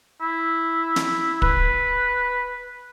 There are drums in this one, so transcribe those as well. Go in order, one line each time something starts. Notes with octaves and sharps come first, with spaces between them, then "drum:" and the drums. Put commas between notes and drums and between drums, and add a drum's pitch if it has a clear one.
E4
drum: snare
B4, drum: kick